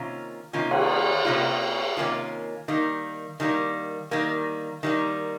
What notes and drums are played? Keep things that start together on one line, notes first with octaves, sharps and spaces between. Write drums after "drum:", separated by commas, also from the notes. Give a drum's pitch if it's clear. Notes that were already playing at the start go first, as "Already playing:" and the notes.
Already playing: C3 D#3 A#3 C#4 F4
C3 D#3 A#3 C#4 F4
drum: cymbal
C3 D#3 A#3 C#4 F4
C3 D#3 A#3 C#4 F4
D#3 G3 A#3
D#3 G3 A#3
D#3 G3 A#3
D#3 G3 A#3